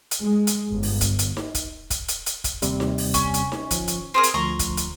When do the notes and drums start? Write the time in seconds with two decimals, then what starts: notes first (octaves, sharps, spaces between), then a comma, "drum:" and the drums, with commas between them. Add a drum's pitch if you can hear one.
0.11 drum: hi-hat
0.23 G#3
0.47 drum: hi-hat
0.69 G1
0.83 drum: open hi-hat
1.01 drum: kick, hi-hat
1.19 drum: hi-hat
1.37 drum: snare D#4
1.55 drum: kick, hi-hat
1.90 drum: kick, hi-hat
2.08 drum: hi-hat
2.26 drum: hi-hat
2.44 drum: kick, hi-hat
2.62 D#2 C3 G3, drum: hi-hat
2.80 drum: snare D#4
2.98 drum: open hi-hat
3.14 C#4, drum: kick, hi-hat
3.34 drum: hi-hat
3.52 drum: snare D#4
3.71 G1 F3, drum: kick, hi-hat
3.88 drum: hi-hat
4.14 C4 G#4 A#4 C7
4.23 drum: hi-hat
4.34 D2 F3 A#5 C6 C#6
4.59 drum: kick, hi-hat
4.77 drum: hi-hat